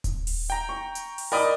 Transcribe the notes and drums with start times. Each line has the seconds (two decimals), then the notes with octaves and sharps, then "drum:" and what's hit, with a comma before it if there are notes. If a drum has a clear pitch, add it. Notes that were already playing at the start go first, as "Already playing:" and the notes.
0.04 drum: kick D#1, hi-hat
0.27 drum: open hi-hat
0.50 G5 A#5
0.69 C#6
0.95 drum: hi-hat
1.18 drum: open hi-hat
1.32 A#4 D5 D#5 G5 B5 D#6